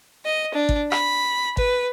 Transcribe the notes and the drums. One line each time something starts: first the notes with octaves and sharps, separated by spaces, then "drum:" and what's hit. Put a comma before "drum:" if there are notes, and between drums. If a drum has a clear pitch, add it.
D#5
D4
drum: kick
B5, drum: rim click
B4, drum: kick